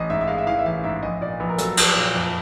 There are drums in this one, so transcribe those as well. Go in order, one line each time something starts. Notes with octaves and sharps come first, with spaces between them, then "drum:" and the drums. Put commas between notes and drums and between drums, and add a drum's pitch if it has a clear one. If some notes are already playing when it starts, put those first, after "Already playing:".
Already playing: A1 D#5
G#2 E5
E5
G#3 F5
E5
E3 F5
E5
A1 F5
G#2 E5
A#1 D#5
A#2 D5
A#1 B4
A#4
F#3 A4, drum: hi-hat
A#1, drum: cymbal
A#2
F2